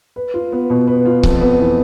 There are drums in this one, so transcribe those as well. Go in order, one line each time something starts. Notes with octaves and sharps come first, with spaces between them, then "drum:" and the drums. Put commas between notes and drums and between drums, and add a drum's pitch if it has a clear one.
B4
F4
B3
B2
B4
F4
F2, drum: kick C#1
B3
E3